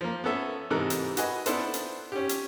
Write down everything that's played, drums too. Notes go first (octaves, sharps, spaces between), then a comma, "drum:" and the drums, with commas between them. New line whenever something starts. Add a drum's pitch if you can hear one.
F3 A#3
B3 C#4 A4 E5
G#2 C3 E3 A4 A#4 F#6
drum: hi-hat
F#4 B4 D#5 G#5, drum: hi-hat
B3 D4 E4 A4 B4 C5, drum: hi-hat
drum: hi-hat
C#4 G4
drum: hi-hat